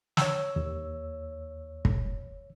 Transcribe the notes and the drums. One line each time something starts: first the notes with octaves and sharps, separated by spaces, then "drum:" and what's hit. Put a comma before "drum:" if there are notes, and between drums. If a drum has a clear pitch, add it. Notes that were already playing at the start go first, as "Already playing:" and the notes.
C#5 E6, drum: snare
D#2
drum: kick